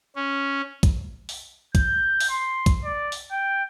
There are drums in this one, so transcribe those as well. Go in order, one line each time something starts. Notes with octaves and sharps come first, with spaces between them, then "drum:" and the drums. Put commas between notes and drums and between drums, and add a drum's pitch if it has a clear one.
C#4
drum: kick B1, hi-hat
drum: open hi-hat
G6, drum: kick B1, hi-hat
drum: open hi-hat
C6
drum: kick B1, hi-hat
D5
drum: open hi-hat
G5